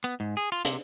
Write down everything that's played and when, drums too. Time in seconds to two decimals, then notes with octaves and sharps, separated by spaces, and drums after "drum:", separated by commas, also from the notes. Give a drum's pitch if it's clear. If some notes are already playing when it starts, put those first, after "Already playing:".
0.04 B3
0.20 G#2
0.37 G#4
0.52 F4
0.65 C3, drum: hi-hat